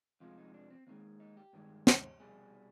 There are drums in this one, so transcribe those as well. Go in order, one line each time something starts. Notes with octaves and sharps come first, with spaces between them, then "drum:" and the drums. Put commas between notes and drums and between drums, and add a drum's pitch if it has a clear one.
F2 C3 F3 G#3 F4
D#4
D4
C4
D#2 D#3 G#3 C4
D#4
G4
G2 D#3 G#3
drum: snare
C2 B2 G3 G#4